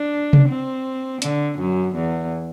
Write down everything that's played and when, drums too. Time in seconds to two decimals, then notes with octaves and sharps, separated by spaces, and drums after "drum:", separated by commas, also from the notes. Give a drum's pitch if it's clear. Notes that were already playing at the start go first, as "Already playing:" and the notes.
Already playing: D4
0.33 drum: tom C3
0.49 C4
1.22 D3, drum: hi-hat
1.58 F#2
1.95 E2